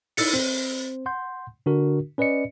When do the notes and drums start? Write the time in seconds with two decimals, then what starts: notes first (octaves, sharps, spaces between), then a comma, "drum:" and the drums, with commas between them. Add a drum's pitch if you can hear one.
0.17 D#4 E4 E6 A6 C#7, drum: open hi-hat
0.33 C4 C5
1.06 F#5 C6 G6
1.66 D3 D4 F#4 A#4
2.18 C#4 B4 D5 D#5 C#7